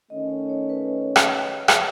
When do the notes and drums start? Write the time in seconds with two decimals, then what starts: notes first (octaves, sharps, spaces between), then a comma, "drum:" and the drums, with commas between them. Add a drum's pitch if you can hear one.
0.10 D#3 A3 C#4 D#5
0.30 C#5
0.49 C#5
0.69 B4
1.16 drum: rim click
1.68 drum: rim click